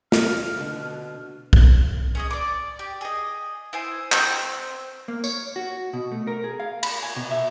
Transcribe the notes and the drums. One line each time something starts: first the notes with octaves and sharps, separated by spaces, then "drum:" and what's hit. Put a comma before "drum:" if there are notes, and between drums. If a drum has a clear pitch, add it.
F6, drum: snare
B2 D3 D4
drum: kick
C#4 G#4 D#5
D5 D6
G4
G#4 D#5
E4 C5 G#5
C4 C5 G6, drum: clap
A#3
C#5, drum: tambourine
F#4
B2
A3
A#4
G#4
F5
B5, drum: cymbal
G#5
B2
E5